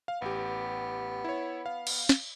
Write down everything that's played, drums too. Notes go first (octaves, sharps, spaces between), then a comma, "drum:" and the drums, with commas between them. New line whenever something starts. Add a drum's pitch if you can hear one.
F5
A1 B3 G4
E4 C#5
F5
drum: cymbal
drum: snare